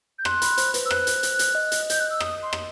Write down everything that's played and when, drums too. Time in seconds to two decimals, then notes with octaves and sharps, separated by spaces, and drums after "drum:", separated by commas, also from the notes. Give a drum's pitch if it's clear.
0.19 G6
0.25 C6 F#6, drum: rim click
0.42 B5, drum: hi-hat
0.58 C5, drum: hi-hat
0.74 B4, drum: hi-hat
0.85 E6
0.91 C5 F#6, drum: rim click
1.07 drum: hi-hat
1.23 drum: hi-hat
1.39 drum: hi-hat
1.55 D#5
1.72 drum: hi-hat
1.90 G6, drum: hi-hat
2.00 F#6
2.10 E6
2.20 D#6, drum: rim click
2.42 C6
2.53 drum: rim click